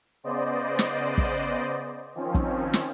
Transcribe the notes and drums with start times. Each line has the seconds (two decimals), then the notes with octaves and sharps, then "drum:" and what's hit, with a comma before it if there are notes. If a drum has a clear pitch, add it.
0.24 C#3 B3 C5 D5 D#5
0.79 drum: snare
1.18 drum: kick
2.15 D#3 F3 C4 C#4
2.35 drum: kick
2.73 drum: snare